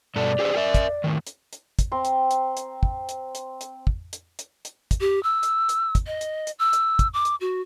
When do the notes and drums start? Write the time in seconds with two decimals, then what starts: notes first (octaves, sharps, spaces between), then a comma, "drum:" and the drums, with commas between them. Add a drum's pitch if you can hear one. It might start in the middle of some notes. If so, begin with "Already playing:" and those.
0.16 G2 B2 A4 D5
0.39 G4 G#4 C5
0.56 A#4 E5
0.74 drum: kick, hi-hat
1.04 A2 D#3
1.27 drum: hi-hat
1.53 drum: hi-hat
1.79 drum: kick, hi-hat
1.92 C4 A#5 C6
2.05 drum: hi-hat
2.31 drum: hi-hat
2.57 drum: hi-hat
2.83 drum: kick
3.09 drum: hi-hat
3.35 drum: hi-hat
3.61 drum: hi-hat
3.87 drum: kick
4.13 drum: hi-hat
4.39 drum: hi-hat
4.65 drum: hi-hat
4.91 drum: kick, hi-hat
5.01 G4
5.23 E6
5.43 drum: hi-hat
5.69 drum: hi-hat
5.95 drum: kick, hi-hat
6.07 D#5
6.21 drum: hi-hat
6.47 drum: hi-hat
6.59 E6
6.73 drum: hi-hat
6.99 drum: kick, hi-hat
7.14 D6
7.25 drum: hi-hat
7.41 F#4